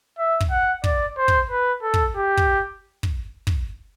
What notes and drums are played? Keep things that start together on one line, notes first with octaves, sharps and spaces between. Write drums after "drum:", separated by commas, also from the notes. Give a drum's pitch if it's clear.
E5
drum: kick
F#5
D5, drum: kick
C5
drum: kick
B4
A4
drum: kick
G4
drum: kick
drum: kick
drum: kick